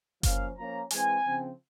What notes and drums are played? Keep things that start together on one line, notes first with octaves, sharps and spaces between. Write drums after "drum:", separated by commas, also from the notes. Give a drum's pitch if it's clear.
F3 A#3 C#4 F5, drum: kick F#1, hi-hat
F3 A#3 C#4 A#5
E3 G#3 C4 G#5, drum: hi-hat
C#3 F3 C4